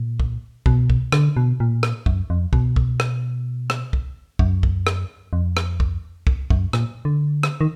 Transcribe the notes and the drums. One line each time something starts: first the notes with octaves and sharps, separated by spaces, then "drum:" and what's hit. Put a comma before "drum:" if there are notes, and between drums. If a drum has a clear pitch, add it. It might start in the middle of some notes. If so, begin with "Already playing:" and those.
Already playing: A#2
drum: kick
B2, drum: kick
drum: kick
D3, drum: rim click
B2
A#2
drum: rim click
F#2, drum: kick
F2
B2, drum: kick
drum: kick
drum: rim click
drum: rim click
drum: kick
F#2, drum: kick
drum: kick
drum: rim click
F2
drum: rim click
drum: kick
drum: kick
F#2, drum: kick
A#2, drum: rim click
D3
drum: rim click
D#3